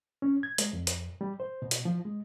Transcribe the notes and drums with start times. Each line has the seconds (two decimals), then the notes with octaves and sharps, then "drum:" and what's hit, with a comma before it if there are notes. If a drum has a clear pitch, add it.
0.22 C#4
0.43 G#6
0.58 G#3, drum: hi-hat
0.73 F2
0.87 drum: hi-hat
1.21 G3
1.40 C5
1.62 B2
1.71 drum: hi-hat
1.85 F3
2.05 G#3